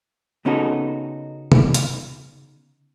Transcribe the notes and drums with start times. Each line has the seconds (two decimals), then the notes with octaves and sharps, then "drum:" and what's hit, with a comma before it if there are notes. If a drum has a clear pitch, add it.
0.45 C#3 B3 C#4 D#4 F#4 A4
1.52 drum: tom C3
1.74 drum: hi-hat